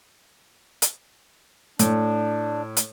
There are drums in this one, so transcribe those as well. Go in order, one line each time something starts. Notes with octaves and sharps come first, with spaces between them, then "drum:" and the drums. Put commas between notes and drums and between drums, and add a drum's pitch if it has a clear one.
drum: hi-hat
A2 D4, drum: hi-hat
drum: hi-hat